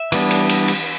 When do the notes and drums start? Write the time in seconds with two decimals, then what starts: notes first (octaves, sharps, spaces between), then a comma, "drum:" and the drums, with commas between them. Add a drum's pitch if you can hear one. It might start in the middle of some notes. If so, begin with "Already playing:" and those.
Already playing: E5
0.12 E3 G3 B3 D4, drum: cymbal
0.31 drum: cymbal
0.49 drum: cymbal
0.68 drum: cymbal